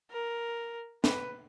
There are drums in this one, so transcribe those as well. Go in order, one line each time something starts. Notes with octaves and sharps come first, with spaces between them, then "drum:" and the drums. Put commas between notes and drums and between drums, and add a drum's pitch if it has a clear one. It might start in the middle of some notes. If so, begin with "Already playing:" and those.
A#4
B4, drum: snare